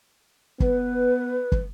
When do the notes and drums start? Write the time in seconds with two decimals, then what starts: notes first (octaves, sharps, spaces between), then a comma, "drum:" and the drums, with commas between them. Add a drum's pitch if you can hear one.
0.60 B3 B4, drum: kick
1.52 drum: kick